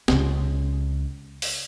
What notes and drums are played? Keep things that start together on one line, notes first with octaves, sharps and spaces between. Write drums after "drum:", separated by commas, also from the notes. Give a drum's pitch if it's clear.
C#2 C#3, drum: snare
drum: open hi-hat